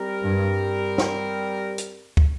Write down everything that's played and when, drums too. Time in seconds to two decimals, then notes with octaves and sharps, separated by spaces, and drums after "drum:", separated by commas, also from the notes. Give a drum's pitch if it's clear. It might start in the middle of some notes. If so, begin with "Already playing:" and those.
Already playing: G3 C4 G4 A#4
0.23 G2
0.98 drum: snare
1.78 drum: hi-hat
2.17 drum: kick